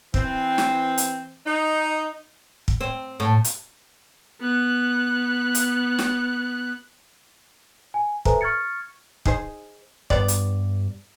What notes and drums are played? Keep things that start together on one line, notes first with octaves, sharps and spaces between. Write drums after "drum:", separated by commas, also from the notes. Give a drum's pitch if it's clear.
E3 C4, drum: kick
drum: snare
drum: hi-hat
D#4
drum: kick
C4
A2
drum: hi-hat
B3 F#6
drum: hi-hat
drum: snare
G#5
A4 B4 C5 E5 G#5 A#5, drum: kick
C#6 F6 G#6 A6 C#7
D#4 G#4 C5, drum: kick
G2 B3 C5 D5, drum: kick
drum: hi-hat